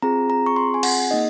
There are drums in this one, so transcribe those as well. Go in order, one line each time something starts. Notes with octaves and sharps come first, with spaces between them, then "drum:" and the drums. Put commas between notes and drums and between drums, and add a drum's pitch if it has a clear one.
C4 F4 G#4 A#5
A#5
C#6
C6
G#5
F#5, drum: cymbal
A#3 D#4 G#4 D#5